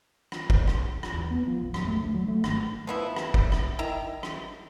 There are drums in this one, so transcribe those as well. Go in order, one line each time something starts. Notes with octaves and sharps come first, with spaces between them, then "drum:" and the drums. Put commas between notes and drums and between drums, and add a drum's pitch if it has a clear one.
drum: rim click
drum: kick
drum: rim click
drum: rim click
E2
B3
F3
A#1
F#2, drum: rim click
A3
D2
F#3
A3
G#1, drum: rim click
F3 B3 E4
drum: rim click
drum: kick
drum: rim click
D#3 E4 A#5
drum: rim click